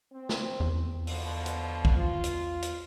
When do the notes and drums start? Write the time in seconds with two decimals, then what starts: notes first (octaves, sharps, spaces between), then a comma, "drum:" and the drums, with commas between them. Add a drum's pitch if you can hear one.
0.12 C4
0.29 drum: snare
0.60 E2
1.07 B2 D3 F3, drum: open hi-hat
1.46 drum: hi-hat
1.85 drum: kick B1
1.96 F4
2.24 drum: hi-hat
2.62 drum: hi-hat